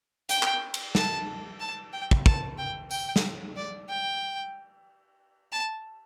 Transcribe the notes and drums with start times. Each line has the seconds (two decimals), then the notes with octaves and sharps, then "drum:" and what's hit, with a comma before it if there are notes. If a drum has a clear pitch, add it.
0.29 G5, drum: hi-hat
0.43 drum: clap
0.74 drum: cymbal
0.95 A5, drum: snare
1.60 A5
1.93 G5
2.11 drum: kick
2.26 A5, drum: kick
2.58 G5
2.91 G5, drum: tambourine
3.16 drum: snare
3.56 D5
3.89 G5
5.52 A5